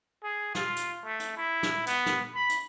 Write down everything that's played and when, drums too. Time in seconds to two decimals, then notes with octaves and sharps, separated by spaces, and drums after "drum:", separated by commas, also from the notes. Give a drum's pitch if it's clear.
0.24 G#4
0.55 F4, drum: snare
0.76 drum: hi-hat
1.05 A3
1.20 drum: hi-hat
1.37 E4
1.63 drum: snare
1.87 B3, drum: hi-hat
2.06 drum: snare
2.35 B5
2.49 drum: hi-hat